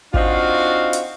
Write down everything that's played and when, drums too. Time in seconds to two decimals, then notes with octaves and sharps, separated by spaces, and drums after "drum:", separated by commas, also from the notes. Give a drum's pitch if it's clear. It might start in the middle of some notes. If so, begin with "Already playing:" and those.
0.14 C4 D4 D#4 F4 F#4 F5, drum: kick
0.93 drum: hi-hat